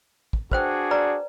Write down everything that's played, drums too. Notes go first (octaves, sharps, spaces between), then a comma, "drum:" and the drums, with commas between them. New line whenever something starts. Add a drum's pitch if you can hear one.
drum: kick
D4 F#4 G#4 B4 C5 G5, drum: kick
B4 D5 A#5